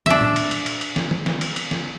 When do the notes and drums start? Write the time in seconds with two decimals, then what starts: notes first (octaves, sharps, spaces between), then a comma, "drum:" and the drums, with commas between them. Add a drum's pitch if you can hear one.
0.06 D4 E5, drum: snare
0.21 drum: tom A#2
0.36 drum: cymbal
0.51 drum: cymbal
0.66 drum: cymbal
0.81 drum: cymbal
0.96 drum: snare
1.11 drum: tom D#3
1.26 drum: snare
1.41 drum: cymbal
1.56 drum: cymbal
1.71 drum: snare